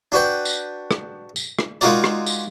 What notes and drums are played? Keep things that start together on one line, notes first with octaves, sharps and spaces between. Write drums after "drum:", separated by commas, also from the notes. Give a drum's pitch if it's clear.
D4 F#4 B4 G5
drum: tambourine
drum: rim click
drum: tambourine
drum: rim click
G#3 D#4 F4 F#4 A#4 D5, drum: tambourine
drum: rim click
drum: tambourine